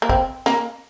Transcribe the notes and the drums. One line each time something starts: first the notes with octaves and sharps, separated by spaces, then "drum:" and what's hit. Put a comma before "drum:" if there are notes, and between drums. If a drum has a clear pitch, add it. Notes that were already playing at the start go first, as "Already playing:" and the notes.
A#3
C4, drum: kick
A#3, drum: snare